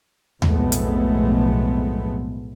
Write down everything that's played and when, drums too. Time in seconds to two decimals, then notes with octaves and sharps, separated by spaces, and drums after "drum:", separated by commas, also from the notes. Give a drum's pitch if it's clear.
0.42 B1 F2 A2 G#3 A3 B3, drum: tom D#2
0.72 drum: hi-hat